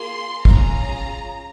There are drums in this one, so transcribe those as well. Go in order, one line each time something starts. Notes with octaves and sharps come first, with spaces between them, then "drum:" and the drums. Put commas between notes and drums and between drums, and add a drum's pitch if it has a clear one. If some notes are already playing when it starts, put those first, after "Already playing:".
Already playing: A#3 F4 G#4 C6
C#4 F4 G#4 A#5, drum: kick